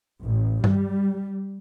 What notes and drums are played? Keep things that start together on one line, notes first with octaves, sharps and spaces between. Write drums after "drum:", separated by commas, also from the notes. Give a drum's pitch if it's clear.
A1
G3, drum: tom G2